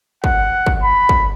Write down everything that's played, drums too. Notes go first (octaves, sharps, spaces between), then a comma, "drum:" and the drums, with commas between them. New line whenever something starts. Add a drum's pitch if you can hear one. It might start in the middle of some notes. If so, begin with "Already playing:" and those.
F#5, drum: kick
drum: kick
B5
drum: kick